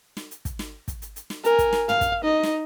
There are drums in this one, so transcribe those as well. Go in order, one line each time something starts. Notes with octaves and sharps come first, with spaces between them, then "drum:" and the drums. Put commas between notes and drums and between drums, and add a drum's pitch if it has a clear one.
drum: snare
drum: hi-hat
drum: kick, hi-hat
drum: snare
drum: kick, hi-hat
drum: hi-hat
drum: hi-hat
drum: snare
A#4 G#5, drum: hi-hat
drum: kick, hi-hat
drum: snare
F5, drum: tom
drum: kick, hi-hat
D#4 D#5
drum: snare